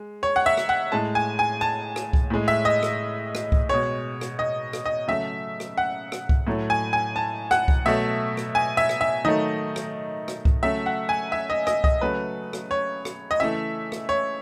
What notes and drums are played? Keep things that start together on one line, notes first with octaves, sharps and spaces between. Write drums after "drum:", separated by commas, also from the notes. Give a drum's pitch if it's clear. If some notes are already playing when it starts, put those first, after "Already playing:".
Already playing: G#3
C#5
F#5
E5
drum: rim click
F#5
A2 G#3 A5
G#5
G#5
A5
drum: rim click
drum: kick C2
A2 G#3
E5
D#5
drum: rim click
drum: rim click
drum: kick C2
B2 G#3 C#5
drum: rim click
D#5
drum: rim click
D#5
C#3 F#3 A3 E5
drum: rim click
F#5
drum: rim click
drum: kick C2
A2 F#3 A3
G#5
G#5
A5
F#5, drum: rim click
drum: kick C2
B2 F#3 A3 E5
drum: rim click
G#5
E5
drum: rim click
E5
D#3 F#3 A3 D#5
drum: rim click
drum: rim click
drum: kick C2
C#3 F#3 A3 E5
F#5
G#5
E5
D#5
D#5, drum: rim click
D#5, drum: kick C2
C#3 F#3 A3 B4
drum: rim click
C#5
drum: rim click
D#5
C#3 E3 A3 E5
drum: rim click
C#5